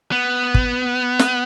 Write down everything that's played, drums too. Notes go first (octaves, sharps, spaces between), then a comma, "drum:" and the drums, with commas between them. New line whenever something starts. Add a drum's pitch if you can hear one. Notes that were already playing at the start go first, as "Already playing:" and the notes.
B3
drum: kick
drum: snare